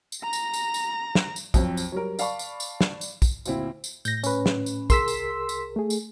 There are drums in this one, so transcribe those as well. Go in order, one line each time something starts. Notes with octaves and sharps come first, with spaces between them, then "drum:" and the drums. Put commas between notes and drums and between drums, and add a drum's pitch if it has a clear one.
drum: tambourine
A#5 A#6
drum: tambourine
drum: tambourine
drum: tambourine
drum: snare
drum: tambourine
F2 F#3 C4, drum: kick, tambourine
drum: tambourine
F#3 G3 A#4
D5 F5 A5 B5 C#6, drum: tambourine
drum: tambourine
drum: tambourine
drum: snare
drum: tambourine
drum: kick, tambourine
D2 A#2 C4 E4, drum: tambourine
drum: tambourine
A2 G6 A#6, drum: tambourine
C#4 B4, drum: tambourine
drum: snare
drum: tambourine
C2 G#4 A#4 C6 E6 B6, drum: kick, tambourine
drum: tambourine
drum: tambourine
A3 G#4
drum: tambourine